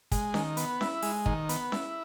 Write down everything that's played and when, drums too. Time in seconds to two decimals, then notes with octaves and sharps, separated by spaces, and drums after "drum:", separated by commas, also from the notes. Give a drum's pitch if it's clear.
0.12 G#3, drum: kick, hi-hat
0.34 D#3, drum: snare C#4
0.57 B3, drum: hi-hat
0.81 E4, drum: snare C#4
1.03 G#3, drum: open hi-hat
1.26 D#3, drum: kick
1.49 B3, drum: hi-hat
1.72 E4, drum: snare C#4